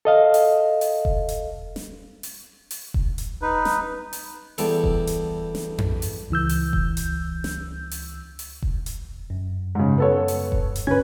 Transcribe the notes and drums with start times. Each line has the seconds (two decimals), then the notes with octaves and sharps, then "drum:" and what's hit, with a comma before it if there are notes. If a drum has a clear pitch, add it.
0.05 A4 D#5 F5
0.34 drum: open hi-hat
0.81 drum: open hi-hat
1.05 drum: kick E1
1.29 drum: hi-hat
1.76 drum: snare
2.23 drum: open hi-hat
2.71 drum: open hi-hat
2.94 drum: kick E1
3.18 drum: hi-hat
3.42 D#4 B4
3.65 drum: snare
4.13 drum: open hi-hat
4.58 E2 G3 A4, drum: open hi-hat
4.84 drum: kick E1
5.07 drum: hi-hat
5.55 drum: snare
5.78 drum: tom F2
6.02 drum: open hi-hat
6.30 C#2 E3 E6 G6
6.49 drum: open hi-hat
6.73 drum: kick E1
6.97 drum: hi-hat
7.44 drum: snare
7.91 drum: open hi-hat
8.39 drum: open hi-hat
8.62 drum: kick E1
8.86 drum: hi-hat
9.30 F#2
9.75 G#2 C#3
9.98 B3 A4 C#5
10.28 drum: open hi-hat
10.52 drum: kick E1
10.76 drum: hi-hat
10.87 G2 D3 C#4 B4 G#6